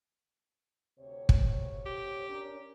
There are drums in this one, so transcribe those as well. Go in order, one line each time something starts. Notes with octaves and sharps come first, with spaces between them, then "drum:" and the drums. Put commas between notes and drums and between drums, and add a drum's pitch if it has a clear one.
D2 C3 C#5
drum: kick
G4
C#4 D4 A#4